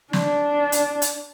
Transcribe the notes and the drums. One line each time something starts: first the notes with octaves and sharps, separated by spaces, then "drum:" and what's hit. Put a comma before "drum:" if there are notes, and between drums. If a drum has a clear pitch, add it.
D4, drum: snare
drum: hi-hat
drum: hi-hat